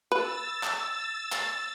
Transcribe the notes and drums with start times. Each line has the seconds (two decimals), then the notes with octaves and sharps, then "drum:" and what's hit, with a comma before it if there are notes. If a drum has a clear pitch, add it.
0.12 B4 E6 A6
0.63 drum: clap
1.32 drum: clap